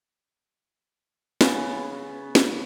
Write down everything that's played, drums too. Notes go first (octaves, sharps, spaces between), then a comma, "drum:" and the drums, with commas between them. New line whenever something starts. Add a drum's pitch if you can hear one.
C#3 B3 G#5, drum: snare
drum: snare